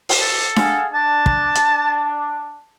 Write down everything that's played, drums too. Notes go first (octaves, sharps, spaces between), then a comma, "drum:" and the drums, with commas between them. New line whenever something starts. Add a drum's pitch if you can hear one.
drum: open hi-hat
A4
G#4 F5 F#5, drum: snare D4
D4 A5
drum: kick
drum: hi-hat